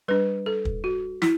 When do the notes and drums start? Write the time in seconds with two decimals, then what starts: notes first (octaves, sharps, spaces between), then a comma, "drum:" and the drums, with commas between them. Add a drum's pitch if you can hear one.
0.08 G3 D4 B4
0.46 A4
0.65 drum: kick
0.84 F#4
1.22 E4, drum: snare